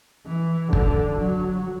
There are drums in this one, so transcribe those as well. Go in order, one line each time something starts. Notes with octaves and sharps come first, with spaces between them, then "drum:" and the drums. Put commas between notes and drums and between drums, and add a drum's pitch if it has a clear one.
E3
D3, drum: kick
F#3